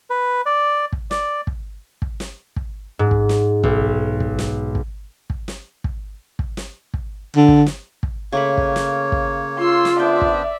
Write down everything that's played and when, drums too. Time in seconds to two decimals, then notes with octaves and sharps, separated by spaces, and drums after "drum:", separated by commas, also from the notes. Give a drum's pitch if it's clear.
0.10 B4
0.46 D5
0.92 drum: kick
1.11 D5, drum: snare
1.47 drum: kick
2.02 drum: kick
2.20 drum: snare
2.56 drum: kick
2.99 G#2
3.11 drum: kick
3.29 drum: snare
3.63 B1, drum: kick
4.20 drum: kick
4.39 drum: snare
4.75 drum: kick
5.30 drum: kick
5.48 drum: snare
5.84 drum: kick
6.39 drum: kick
6.57 drum: snare
6.94 drum: kick
7.36 D3
7.48 drum: kick
7.66 drum: snare
8.03 drum: kick
8.32 C#3 A3 A#3 C#5 B5
8.58 drum: kick
8.76 drum: snare
9.12 drum: kick
9.58 F4 C6 E6
9.85 drum: snare
9.99 B3 D4 C5 D5 E5 G5
10.21 drum: kick